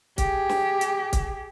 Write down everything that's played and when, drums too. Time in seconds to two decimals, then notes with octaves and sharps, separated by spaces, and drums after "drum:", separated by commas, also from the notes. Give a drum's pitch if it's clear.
0.18 G4 G#4, drum: kick, hi-hat
0.49 drum: snare
0.81 drum: hi-hat
1.13 drum: kick, hi-hat